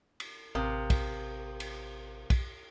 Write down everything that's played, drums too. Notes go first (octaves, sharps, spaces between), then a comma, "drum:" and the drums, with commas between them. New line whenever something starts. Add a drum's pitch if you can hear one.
drum: cymbal
A1 C3 A#4 F5 D#6
drum: kick, cymbal
drum: cymbal
drum: kick, cymbal